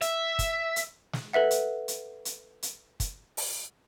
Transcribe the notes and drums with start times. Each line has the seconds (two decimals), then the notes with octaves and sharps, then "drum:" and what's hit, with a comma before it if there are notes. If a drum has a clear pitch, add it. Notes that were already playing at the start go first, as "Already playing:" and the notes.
0.01 E5, drum: hi-hat
0.39 drum: kick, hi-hat
0.76 drum: hi-hat
1.13 drum: snare
1.33 A4 B4 E5 F#5
1.51 drum: hi-hat
1.88 drum: hi-hat
2.25 drum: hi-hat
2.63 drum: hi-hat
3.00 drum: kick, hi-hat
3.37 drum: open hi-hat